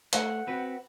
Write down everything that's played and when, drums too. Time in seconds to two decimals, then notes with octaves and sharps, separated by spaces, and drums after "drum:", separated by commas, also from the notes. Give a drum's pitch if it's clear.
0.13 A3 F#5, drum: hi-hat
0.47 C4 F#4 B4